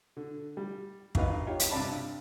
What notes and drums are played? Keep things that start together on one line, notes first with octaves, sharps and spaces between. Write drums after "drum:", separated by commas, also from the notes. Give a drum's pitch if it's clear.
D3
G3
B1 G2 D#3 B4 D#5 F5, drum: kick
D#4 F4 G4 C#5
drum: hi-hat
G2 C3 D5 A5 B5